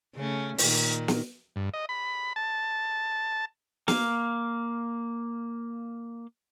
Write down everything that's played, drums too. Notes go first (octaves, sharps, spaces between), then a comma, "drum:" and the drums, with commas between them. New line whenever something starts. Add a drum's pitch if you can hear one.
C#3 A3 C#4
A#2 D#3 D#4, drum: open hi-hat
drum: snare
G2
D#5
B5
A5
A#3 F5, drum: snare